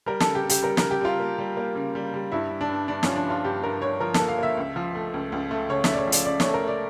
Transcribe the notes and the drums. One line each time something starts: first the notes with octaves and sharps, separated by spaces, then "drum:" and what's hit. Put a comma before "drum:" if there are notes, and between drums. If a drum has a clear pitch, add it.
G3 A#4
A4, drum: snare
C#3
G4
C#3
G4, drum: hi-hat
G3 A#4
A#4, drum: snare
C#3
G4
G3 F4
A#3
G3
A#3
C#3
G3
G3
G2 E4
G2
D4
G2
G2 D4
F3 C#4, drum: snare
D4
G2 F4
G2 G4
G2 A#4
G2 C#5
F3 A#4
A4, drum: snare
A#3
F5
A#3 E5
C#2
F3
A3
C#2
C#2
A3
C#3 C#5
A3 E5, drum: snare
D5
C#5
F3
D5, drum: hi-hat
C#3 D5
A3 C#5, drum: snare
A#4
A3 D5